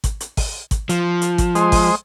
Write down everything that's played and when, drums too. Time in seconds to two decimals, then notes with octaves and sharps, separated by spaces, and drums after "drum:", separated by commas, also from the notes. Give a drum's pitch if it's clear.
0.04 drum: kick, hi-hat
0.20 drum: hi-hat
0.37 drum: kick, open hi-hat
0.71 drum: kick, hi-hat
0.89 F3, drum: hi-hat
1.21 drum: hi-hat
1.38 drum: kick, hi-hat
1.55 G#3 C5 D#5, drum: hi-hat
1.72 drum: kick, open hi-hat